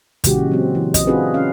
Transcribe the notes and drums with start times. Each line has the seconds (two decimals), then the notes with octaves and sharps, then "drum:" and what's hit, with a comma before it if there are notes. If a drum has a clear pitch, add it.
0.24 A#2 C#3 E3 G#3 F#4 G4, drum: kick, hi-hat
0.52 F#3 C4
0.75 E3
0.94 D#5, drum: kick, hi-hat
1.07 C4 D4 F4 F#4 G#4 B4
1.34 C#4 F5